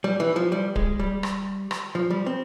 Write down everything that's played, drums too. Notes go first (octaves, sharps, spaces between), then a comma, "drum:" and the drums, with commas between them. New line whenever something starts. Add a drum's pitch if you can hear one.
G3
E3
F3
G3
G#3, drum: kick D1
G3
drum: rim click
drum: rim click
F3
G3
C4